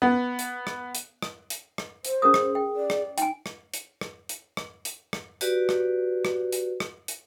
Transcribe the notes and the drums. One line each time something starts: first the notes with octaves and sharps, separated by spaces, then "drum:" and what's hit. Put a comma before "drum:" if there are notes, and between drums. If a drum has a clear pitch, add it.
B3
drum: hi-hat
drum: rim click
drum: hi-hat
drum: rim click
drum: hi-hat
drum: rim click
C5, drum: hi-hat
C#4 G#4 A#4 D#6
drum: rim click
G5
D5
drum: rim click
D#4 G5 G#5, drum: hi-hat
drum: rim click
drum: hi-hat
drum: rim click
drum: hi-hat
drum: rim click
drum: hi-hat
drum: rim click
F#4 G4 B4 D5, drum: hi-hat
drum: rim click
drum: rim click
drum: hi-hat
drum: rim click
drum: hi-hat